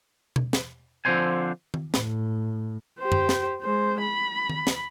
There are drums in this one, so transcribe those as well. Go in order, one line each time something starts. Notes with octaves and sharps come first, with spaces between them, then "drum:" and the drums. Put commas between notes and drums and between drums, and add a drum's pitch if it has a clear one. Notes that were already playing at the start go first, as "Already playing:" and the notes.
drum: tom B2
drum: snare
D3 F3 C4 D4 C5 G#5
drum: tom D#3
A2, drum: snare
G4 C5
drum: tom F#2
drum: snare
G#3 C5
B5
drum: tom D#3
drum: snare